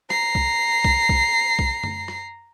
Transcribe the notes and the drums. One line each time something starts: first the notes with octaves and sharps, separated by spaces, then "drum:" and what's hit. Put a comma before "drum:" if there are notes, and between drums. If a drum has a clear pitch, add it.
A#5 C7, drum: rim click
drum: kick B1
drum: kick B1
drum: kick B1
drum: kick B1
drum: tom F#2
drum: rim click